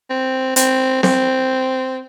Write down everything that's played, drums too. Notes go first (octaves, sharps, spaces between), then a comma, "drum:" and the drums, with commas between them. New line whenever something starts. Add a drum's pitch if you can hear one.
C4
C4, drum: hi-hat
C4, drum: snare C4